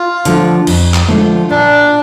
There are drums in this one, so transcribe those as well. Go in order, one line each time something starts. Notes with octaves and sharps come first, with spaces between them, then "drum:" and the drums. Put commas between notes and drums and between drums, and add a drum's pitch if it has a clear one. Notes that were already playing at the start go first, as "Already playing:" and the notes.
Already playing: F4
D3 F3 A3, drum: hi-hat
F2, drum: cymbal
drum: clap
D3 F3 A3, drum: tom G#3
A#2 D4